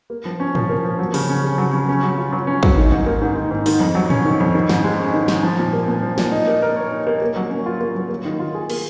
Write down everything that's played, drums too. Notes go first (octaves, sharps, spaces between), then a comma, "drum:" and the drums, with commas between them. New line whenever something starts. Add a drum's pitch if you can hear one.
A#3
F3
C#4
F3, drum: tom
A#3
F3
F#3
C#3, drum: open hi-hat
C#4
C#3
F#3
C#3
C#4
F#3
F4
F#3
C#4
F#3, drum: kick
D#3
G#2
A#3
G#2
D#3
G#2
D#3, drum: open hi-hat
F2
F#3
C#4, drum: tom
D#3
F2
D#3
G#2, drum: snare
G#3
C#4
D#3
G#2, drum: snare
F3
A#2
A#3
A#2
F3
A#2, drum: snare
D#4
A#3
A#4
C#5
D#4
A#3
A#3
F#3
C#4
F4
A#3
F#3
A#3
D#3
F4
G#4
A#3, drum: cymbal